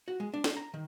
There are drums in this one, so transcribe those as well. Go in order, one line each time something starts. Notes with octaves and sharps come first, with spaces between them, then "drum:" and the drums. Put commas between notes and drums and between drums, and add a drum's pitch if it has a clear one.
F#4
G#3
D4
drum: snare
A#5
D#3